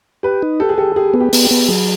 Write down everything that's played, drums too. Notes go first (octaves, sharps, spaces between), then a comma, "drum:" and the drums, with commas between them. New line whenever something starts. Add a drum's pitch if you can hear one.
G4 B4
D#4
G4 A4
G#4
G4 A4
G4 G#4
B3
G4
B3, drum: open hi-hat
G4
B3
F#3 G#4